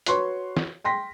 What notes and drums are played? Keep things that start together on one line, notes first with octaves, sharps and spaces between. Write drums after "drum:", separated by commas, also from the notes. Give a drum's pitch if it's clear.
F#4 B4 C#5 C6 C#6, drum: hi-hat
drum: snare
G5 C6 A#6 B6